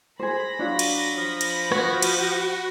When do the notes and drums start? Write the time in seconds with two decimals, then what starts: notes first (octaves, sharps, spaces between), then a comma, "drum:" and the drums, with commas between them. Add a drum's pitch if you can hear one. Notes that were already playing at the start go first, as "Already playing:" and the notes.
0.19 G#4 C5 B5 A#6
0.59 F#3 D4 F4
0.79 drum: cymbal
1.17 F3
1.41 drum: cymbal
1.72 F#4, drum: rim click
2.02 drum: cymbal